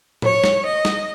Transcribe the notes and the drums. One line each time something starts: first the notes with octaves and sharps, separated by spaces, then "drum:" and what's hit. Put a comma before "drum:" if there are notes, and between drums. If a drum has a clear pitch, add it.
C#5, drum: tom A2
drum: snare
D#5
drum: snare